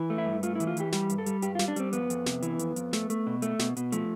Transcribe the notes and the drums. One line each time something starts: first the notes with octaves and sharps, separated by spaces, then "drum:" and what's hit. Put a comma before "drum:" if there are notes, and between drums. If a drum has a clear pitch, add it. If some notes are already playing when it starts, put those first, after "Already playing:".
Already playing: E3
A3
E4
G2
A3 F4, drum: hi-hat
E4
E3, drum: hi-hat
F4
E3 G4, drum: hi-hat
G3 G4, drum: snare
G2, drum: hi-hat
A4
G3, drum: hi-hat
G2 G4, drum: hi-hat
F4
G3, drum: snare
D4
G3 C4, drum: hi-hat
F2 B3, drum: hi-hat
F2, drum: hi-hat
C3, drum: snare
E3, drum: hi-hat
F2, drum: hi-hat
F2, drum: hi-hat
A3, drum: snare
A3, drum: hi-hat
B2
A3, drum: hi-hat
B2, drum: snare
B2, drum: hi-hat
F3 A3, drum: hi-hat